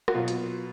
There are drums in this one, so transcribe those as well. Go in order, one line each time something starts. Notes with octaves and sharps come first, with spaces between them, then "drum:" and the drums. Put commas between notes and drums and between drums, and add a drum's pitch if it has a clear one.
F#4, drum: rim click
B2 F#3 B3 F4
drum: hi-hat